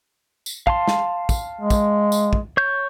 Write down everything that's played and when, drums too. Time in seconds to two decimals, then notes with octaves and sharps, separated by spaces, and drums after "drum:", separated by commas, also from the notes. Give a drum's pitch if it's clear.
0.46 drum: tambourine
0.67 F5 A5 C6, drum: kick
0.88 drum: snare
1.29 drum: kick, tambourine
1.61 G#3
1.70 drum: kick, tambourine
2.12 drum: tambourine
2.33 drum: kick
2.57 C#5 G6